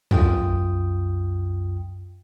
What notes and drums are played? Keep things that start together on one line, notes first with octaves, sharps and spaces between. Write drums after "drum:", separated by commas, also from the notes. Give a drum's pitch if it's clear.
C2 F#2 F4 G5 D#6, drum: tom